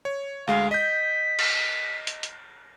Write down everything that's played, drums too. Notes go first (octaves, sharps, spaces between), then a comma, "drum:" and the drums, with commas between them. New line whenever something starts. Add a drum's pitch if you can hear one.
C#5
D2 G#3 F5
D#5 G6 B6
drum: cymbal
drum: hi-hat
drum: hi-hat